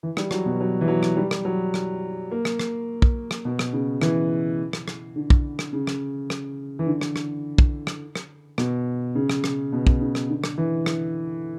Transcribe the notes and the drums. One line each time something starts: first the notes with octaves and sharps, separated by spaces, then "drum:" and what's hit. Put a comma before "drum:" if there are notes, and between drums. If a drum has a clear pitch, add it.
E3
G3, drum: rim click
F#3, drum: rim click
B2
F#3
E3
F#3
drum: rim click
G3
drum: rim click
F#3
drum: rim click
A#3
drum: rim click
drum: rim click
drum: kick
drum: rim click
B2
drum: rim click
C#3
E3, drum: rim click
drum: rim click
drum: rim click
D3
drum: kick
drum: rim click
C#3
drum: rim click
drum: rim click
E3
D3
drum: rim click
drum: rim click
drum: kick
drum: rim click
drum: rim click
B2, drum: rim click
C#3
drum: rim click
drum: rim click
B2
drum: kick
C#3
drum: rim click
D3
drum: rim click
E3
drum: rim click